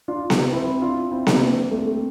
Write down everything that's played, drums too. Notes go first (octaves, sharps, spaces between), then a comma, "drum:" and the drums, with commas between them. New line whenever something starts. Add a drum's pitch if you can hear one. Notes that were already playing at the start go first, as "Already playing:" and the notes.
D4 F4
drum: snare B3
C4 E4
D4 F4
C4 E4
A#3 D4, drum: snare B3
A#3 D4
A3 C4
A3 C4